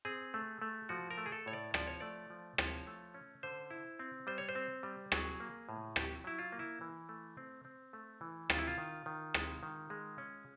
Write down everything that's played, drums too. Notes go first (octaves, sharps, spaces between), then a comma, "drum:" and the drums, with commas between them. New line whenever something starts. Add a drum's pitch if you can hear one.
C4 G#4
A3
A3
F3 F#4
A#4
A3
G#4
A4
A2 C#5
D5
F3 D5, drum: rim click
C#5
A3 D5
F3
F3 C#5, drum: rim click
A3
C#4
D3 C5
E4
C4
G3 C5
C#5
C5
C4
G3
F#3 G#4, drum: rim click
A#3
A2
F#3 G4, drum: rim click
F#3 E4
F4
A#3
E4
E3
A3
C4
C4
A3
E3
D#3 F4, drum: rim click
E4
F4
D#3
D#3
G#3, drum: rim click
D#3
G#3
C#4